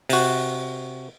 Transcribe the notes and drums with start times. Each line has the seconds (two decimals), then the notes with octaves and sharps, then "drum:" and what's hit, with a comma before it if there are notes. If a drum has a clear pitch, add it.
0.09 C3 F#4, drum: open hi-hat